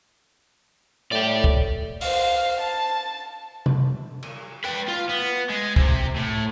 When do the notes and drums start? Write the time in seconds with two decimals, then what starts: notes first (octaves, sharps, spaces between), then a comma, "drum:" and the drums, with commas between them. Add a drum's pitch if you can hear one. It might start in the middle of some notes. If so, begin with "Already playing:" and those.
1.12 A2 D5 G5
1.44 drum: kick
2.01 C5 F5, drum: open hi-hat
2.60 A5
3.66 drum: tom C3
4.23 drum: cymbal
4.64 B4 G5
4.88 F4
5.09 B3
5.50 G#3
5.76 C3, drum: kick
6.16 A2